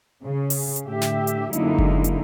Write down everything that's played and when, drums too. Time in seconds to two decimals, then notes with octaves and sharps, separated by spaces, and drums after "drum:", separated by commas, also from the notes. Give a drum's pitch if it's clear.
0.25 C#3
0.50 drum: open hi-hat
0.76 drum: hi-hat
0.85 A2 D3 G4 E5
1.01 drum: snare
1.27 drum: hi-hat
1.53 F#2 D3 G#3 A#3 D#4 E4, drum: hi-hat
1.79 drum: kick F#1
2.04 drum: hi-hat